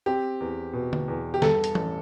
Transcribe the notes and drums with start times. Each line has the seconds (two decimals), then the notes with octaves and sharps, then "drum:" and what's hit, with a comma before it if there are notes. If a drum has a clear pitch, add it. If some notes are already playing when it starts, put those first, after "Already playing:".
0.06 C4 G4
0.40 E2
0.73 B2
0.93 drum: tom D3
1.08 E2
1.34 G4
1.42 G2 A4, drum: snare
1.64 drum: hi-hat
1.75 A1, drum: tom E3